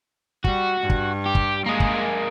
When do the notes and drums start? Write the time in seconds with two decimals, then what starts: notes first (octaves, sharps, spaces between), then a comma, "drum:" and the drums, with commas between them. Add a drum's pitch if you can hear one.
0.44 G3 F#4, drum: kick
0.80 G2
0.90 drum: kick
1.26 G4
1.35 drum: kick
1.66 G#3 A#3 G#4
1.80 drum: kick